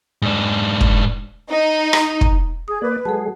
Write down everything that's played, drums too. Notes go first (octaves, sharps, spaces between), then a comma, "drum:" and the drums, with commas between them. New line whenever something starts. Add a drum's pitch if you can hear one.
G#2 D4
drum: kick
D#4
drum: rim click
drum: kick
G#4 D#6
A#3 B4 D5
F#3 G#3 G#4 A4 F#5 A5